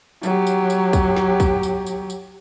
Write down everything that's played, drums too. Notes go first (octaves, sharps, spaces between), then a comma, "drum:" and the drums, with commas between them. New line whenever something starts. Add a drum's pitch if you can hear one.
F#3 G4, drum: tambourine
drum: tambourine
drum: tambourine
drum: kick, tambourine
drum: snare
drum: kick, tambourine
drum: tambourine
drum: tambourine
drum: tambourine